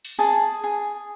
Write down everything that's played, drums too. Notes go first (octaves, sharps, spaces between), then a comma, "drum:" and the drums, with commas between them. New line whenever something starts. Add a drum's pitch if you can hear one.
drum: open hi-hat
G#4 A5
G#4